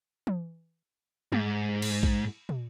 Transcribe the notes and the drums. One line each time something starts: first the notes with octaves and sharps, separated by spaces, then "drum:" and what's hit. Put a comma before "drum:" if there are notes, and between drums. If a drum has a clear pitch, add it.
drum: tom E3
G#2, drum: tom
drum: cymbal
drum: kick A#1
drum: tom